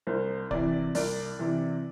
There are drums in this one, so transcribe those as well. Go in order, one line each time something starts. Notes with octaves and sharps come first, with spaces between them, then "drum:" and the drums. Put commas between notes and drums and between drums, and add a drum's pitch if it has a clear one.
C2 C5
C3 E3 D5, drum: kick
C2 D5, drum: open hi-hat
C3 E3